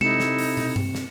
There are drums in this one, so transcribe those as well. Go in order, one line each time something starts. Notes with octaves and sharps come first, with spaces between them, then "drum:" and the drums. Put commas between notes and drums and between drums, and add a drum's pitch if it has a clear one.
C3 D#4 E4 A4 C#7 E7, drum: tom G#3
drum: snare
drum: open hi-hat
drum: tom
drum: tom G2
drum: snare